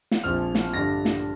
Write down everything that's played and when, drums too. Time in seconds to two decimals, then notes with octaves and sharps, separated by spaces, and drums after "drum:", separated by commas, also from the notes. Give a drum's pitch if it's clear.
0.11 drum: snare
0.24 A#1 A#2 F3 C4 F6
0.55 drum: snare
0.73 G2 D3 G3 D4 A#6
1.05 drum: snare